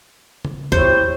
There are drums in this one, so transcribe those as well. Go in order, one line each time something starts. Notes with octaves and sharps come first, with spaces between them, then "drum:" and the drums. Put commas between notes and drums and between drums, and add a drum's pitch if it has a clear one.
drum: tom C#3
E4 G4 C5 C#5, drum: kick C#2